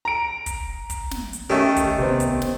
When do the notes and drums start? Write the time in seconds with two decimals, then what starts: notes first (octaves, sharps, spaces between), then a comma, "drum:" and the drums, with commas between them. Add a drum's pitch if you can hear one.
0.05 A#5 D7
0.46 drum: kick, hi-hat
0.90 drum: kick, hi-hat
1.11 drum: snare
1.33 drum: hi-hat
1.50 D#3 A3 C#4 G4
1.76 drum: kick, hi-hat
1.98 C3 B3 C4
2.20 drum: kick, hi-hat
2.42 drum: snare